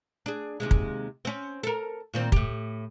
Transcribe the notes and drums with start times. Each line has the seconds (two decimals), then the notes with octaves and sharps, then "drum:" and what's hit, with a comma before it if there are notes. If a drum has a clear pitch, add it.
0.26 D4 G#4
0.60 D#2 C3 G#3
0.71 drum: kick
1.25 C4 C#4
1.63 A4 A#4
2.14 A#2 D#3 C4
2.32 A2 G4, drum: kick